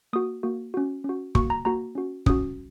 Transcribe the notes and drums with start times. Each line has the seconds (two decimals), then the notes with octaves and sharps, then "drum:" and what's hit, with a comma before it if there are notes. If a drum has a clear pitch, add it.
0.13 A#3 F#4 D#6
0.43 A#3 F#4
0.74 C#4 F#4
1.04 C#4 F#4
1.35 A#3 F#4 C#6, drum: kick
1.50 A#5
1.65 A#3 F#4 A#5
1.95 C#4 F#4
2.26 C#4 F#4 D#6, drum: kick